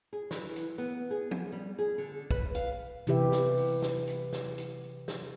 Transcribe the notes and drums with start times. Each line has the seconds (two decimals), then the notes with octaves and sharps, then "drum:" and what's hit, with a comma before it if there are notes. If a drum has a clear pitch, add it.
0.13 G#4
0.31 E3, drum: snare
0.56 drum: hi-hat
0.78 B3
1.11 G#4
1.31 drum: tom F3
1.52 G3
1.79 G#4
1.98 D3
2.31 B4, drum: kick
2.55 F5, drum: hi-hat
3.07 C3 E3 E4 G4 B4 E5, drum: hi-hat
3.32 drum: snare
3.57 drum: open hi-hat
3.82 drum: snare
4.08 drum: hi-hat
4.33 drum: snare
4.58 drum: hi-hat
5.08 drum: snare